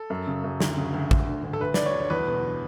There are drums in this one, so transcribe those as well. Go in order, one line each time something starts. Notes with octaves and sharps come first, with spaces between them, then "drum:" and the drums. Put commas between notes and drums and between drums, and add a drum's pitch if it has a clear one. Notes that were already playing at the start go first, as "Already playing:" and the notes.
Already playing: A4
F#2
C#3
F#2
D2, drum: snare
C#3
D2
D2, drum: kick
D3
D2
A4
D2 B4
D3 D5, drum: snare
C#5
D2
C#5
E2 B4
B2